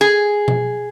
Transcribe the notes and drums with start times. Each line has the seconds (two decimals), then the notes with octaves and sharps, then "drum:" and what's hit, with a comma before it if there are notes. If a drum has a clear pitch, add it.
0.01 G#4
0.48 drum: tom B2